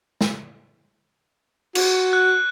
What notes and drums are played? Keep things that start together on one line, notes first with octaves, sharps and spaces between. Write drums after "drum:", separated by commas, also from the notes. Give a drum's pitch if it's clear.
drum: snare
F#4, drum: cymbal
F#6